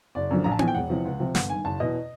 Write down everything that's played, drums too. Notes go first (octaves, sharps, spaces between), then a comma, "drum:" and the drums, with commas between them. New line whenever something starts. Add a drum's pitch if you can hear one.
F#1 D5
F#2 D3 F3
A#1 A#5
A5
A2 F3 G#5, drum: tom B3
G5
E1 F#5
E2 C3 F3
C#2
C3 F3
G1 F#5, drum: snare
G2 D#3 G#5
F#1 A5
E2 B2 D#5